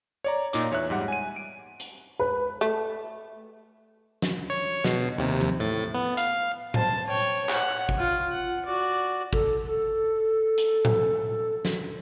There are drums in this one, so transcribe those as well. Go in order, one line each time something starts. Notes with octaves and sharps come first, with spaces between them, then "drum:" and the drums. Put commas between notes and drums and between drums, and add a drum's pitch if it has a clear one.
C#5 D5 A#5
A#2 D#4 D6, drum: hi-hat
E2 C#5 E5 F#6
G#2 G3 F#5
G#5 D#7
D7
drum: hi-hat
B4
A3
drum: snare
C#5
B2 C7, drum: snare
D#2 C3
drum: tom F3
A2 A6
B3
F5, drum: hi-hat
C5 A5, drum: tom A2
C#5 G5
F#5, drum: clap
drum: kick
F4
F#5
F#4 D5
A4, drum: kick
A4
drum: hi-hat
drum: tom A2
drum: snare